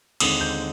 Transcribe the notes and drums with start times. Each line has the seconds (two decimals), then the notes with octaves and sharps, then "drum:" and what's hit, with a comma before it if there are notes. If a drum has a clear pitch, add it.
0.20 D#2 D3 G#3 C4 D#4 D#6, drum: cymbal
0.41 G6